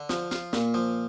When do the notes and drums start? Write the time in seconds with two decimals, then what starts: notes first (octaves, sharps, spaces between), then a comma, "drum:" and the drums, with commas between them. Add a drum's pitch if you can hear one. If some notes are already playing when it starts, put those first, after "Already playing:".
Already playing: D3
0.09 F3, drum: snare
0.31 F4, drum: snare
0.53 A#2, drum: snare
0.74 F3